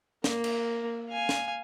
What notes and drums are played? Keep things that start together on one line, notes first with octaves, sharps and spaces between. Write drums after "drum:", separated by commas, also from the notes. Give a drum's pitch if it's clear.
A#3 A#4, drum: snare
drum: cymbal
F5 G#5
drum: snare